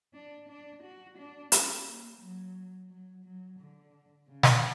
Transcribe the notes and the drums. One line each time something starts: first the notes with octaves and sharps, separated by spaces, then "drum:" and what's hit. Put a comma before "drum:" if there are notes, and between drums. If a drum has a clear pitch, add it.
D4
D4
F#4
D4
C#4, drum: hi-hat
A#3
F#3
F#3
F#3
D3
C#3
drum: snare